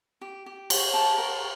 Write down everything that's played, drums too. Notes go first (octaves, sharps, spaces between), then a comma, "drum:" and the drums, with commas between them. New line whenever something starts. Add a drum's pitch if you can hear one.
G4
G4
D5, drum: cymbal
G4 A5
A#4